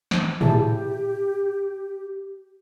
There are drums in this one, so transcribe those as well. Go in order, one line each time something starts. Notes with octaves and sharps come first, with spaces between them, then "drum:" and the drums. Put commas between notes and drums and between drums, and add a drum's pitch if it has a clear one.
drum: snare
E4 G4 G#4 A5, drum: tom A2